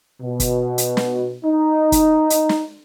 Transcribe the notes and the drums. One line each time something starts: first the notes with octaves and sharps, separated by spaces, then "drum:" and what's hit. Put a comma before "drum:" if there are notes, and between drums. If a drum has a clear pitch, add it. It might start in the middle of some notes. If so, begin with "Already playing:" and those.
B2
drum: kick, hi-hat
drum: hi-hat
drum: snare
D#4
drum: kick, hi-hat
drum: hi-hat
drum: snare